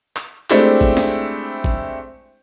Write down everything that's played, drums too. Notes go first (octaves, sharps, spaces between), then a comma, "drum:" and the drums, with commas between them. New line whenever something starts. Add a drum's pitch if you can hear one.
drum: clap
G#3 A3 C4 D4 E4 G4, drum: clap
drum: kick
drum: snare
drum: kick